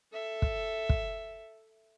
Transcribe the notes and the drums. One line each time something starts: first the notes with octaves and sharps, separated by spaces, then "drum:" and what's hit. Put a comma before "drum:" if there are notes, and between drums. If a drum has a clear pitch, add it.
A4 E5
drum: kick
drum: kick